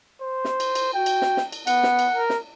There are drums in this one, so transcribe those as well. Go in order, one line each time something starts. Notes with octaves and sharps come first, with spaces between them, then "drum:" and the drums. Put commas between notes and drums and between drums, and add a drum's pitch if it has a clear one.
C5
drum: snare
drum: cymbal
drum: cymbal
F#4 G5
drum: cymbal
drum: snare
drum: snare
drum: cymbal
B3 F#5, drum: cymbal
drum: snare
drum: cymbal
A#4
drum: snare